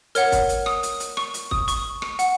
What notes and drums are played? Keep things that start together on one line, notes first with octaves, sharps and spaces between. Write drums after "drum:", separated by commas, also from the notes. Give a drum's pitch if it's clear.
A#4 C#5 F#5 F6, drum: hi-hat
drum: kick, hi-hat
drum: hi-hat
D#6, drum: rim click
drum: hi-hat
drum: hi-hat
C#6, drum: rim click
drum: hi-hat
D#6, drum: kick
C#6, drum: hi-hat
drum: rim click
F#5, drum: hi-hat